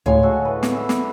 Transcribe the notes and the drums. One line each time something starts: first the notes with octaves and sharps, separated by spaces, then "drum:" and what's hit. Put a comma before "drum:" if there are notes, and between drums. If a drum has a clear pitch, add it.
D2 A2 G#3 C#5 F5 G#5
F#4 A4 D#5
E3 B4
drum: snare
E5
drum: snare